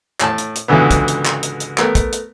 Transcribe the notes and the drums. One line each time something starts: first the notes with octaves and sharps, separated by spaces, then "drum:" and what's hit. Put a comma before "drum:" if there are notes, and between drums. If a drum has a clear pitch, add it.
A2 A5, drum: clap
drum: hi-hat
drum: hi-hat
C#2 G#2 B2 D3 E3 B3
drum: kick, hi-hat
drum: hi-hat
drum: clap
drum: hi-hat
drum: hi-hat
A3 B3 A#4, drum: clap
drum: kick, hi-hat
drum: hi-hat